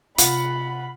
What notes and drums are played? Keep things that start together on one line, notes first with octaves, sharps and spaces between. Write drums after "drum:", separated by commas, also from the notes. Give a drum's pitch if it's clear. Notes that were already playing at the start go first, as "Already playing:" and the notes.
C3 F4 F#5 B5, drum: hi-hat